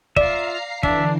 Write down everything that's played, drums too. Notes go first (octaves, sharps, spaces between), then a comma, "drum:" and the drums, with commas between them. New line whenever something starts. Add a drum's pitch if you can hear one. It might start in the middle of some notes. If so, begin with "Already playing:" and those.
F4 D5 E5 F5 A#5 C7, drum: kick
D3 E3 D4 E5, drum: kick